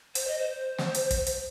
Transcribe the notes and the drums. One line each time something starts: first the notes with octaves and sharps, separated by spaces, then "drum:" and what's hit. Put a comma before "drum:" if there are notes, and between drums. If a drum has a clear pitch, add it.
C5, drum: hi-hat
D#5
C5
drum: snare
drum: hi-hat
drum: kick, hi-hat
drum: hi-hat